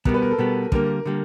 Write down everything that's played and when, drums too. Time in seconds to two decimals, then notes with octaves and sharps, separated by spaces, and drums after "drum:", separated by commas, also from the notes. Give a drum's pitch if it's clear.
0.05 B2 G3 B3 A#4, drum: kick
0.14 B4
0.22 A#4
0.31 A4
0.39 B2 G3 B3
0.72 D3 G3 A#3 A#4, drum: kick
1.05 D3 G3 A#3